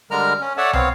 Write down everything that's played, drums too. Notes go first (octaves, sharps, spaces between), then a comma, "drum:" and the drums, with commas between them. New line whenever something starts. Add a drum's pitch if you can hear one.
D3 G3 G#3 A#4 A#5 F6
C#4
A4 C#5 D5 E5 F#5 A5
B3 C4 C#5 F5, drum: tom